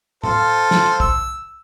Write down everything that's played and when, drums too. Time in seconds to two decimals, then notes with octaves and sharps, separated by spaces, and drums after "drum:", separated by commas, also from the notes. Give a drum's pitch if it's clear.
0.23 F4 A4 C5, drum: tom A2
0.71 drum: snare
1.00 E6, drum: kick